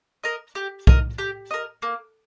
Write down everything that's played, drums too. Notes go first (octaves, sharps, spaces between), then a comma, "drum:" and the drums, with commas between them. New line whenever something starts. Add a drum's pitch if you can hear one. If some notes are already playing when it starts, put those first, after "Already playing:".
A#4 D#5
G4
A#4 D#5, drum: kick B1
G4
A#4 D#5
A#3